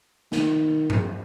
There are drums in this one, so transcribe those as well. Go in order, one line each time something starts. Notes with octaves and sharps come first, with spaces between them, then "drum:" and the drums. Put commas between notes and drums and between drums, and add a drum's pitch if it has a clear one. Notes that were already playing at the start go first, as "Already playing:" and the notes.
D#3, drum: snare
drum: tom G2